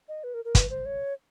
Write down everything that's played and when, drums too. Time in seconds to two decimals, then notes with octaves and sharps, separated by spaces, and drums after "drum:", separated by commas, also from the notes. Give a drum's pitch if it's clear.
0.08 D#5
0.24 B4
0.34 A#4
0.45 A#4
0.55 B4, drum: kick, hi-hat
0.70 C5
0.85 C#5